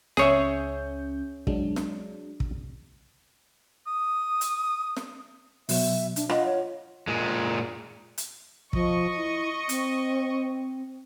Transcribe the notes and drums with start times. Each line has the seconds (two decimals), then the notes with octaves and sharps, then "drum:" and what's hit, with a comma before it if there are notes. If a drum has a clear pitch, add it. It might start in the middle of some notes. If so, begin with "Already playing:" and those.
0.17 C#2 C#4 G#4 C#5 E5 G6, drum: snare
1.47 F#3 G#3 D4, drum: kick
1.76 drum: snare
2.40 drum: kick
3.87 D#6
4.41 drum: hi-hat
4.97 drum: snare
5.69 B2 F#3 E5, drum: open hi-hat
6.16 D4, drum: hi-hat
6.29 F4 D#5 F#5, drum: rim click
6.46 C#5
7.07 A#2 G#3
8.18 drum: hi-hat
8.73 F3 D#5 C#6, drum: kick
9.16 E4
9.69 C4, drum: hi-hat